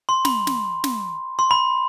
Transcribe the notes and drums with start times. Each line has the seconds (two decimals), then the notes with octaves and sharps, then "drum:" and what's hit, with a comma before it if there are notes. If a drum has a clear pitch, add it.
0.09 C6
0.25 B5, drum: snare
0.47 drum: snare
0.84 drum: snare
1.39 C6
1.51 B5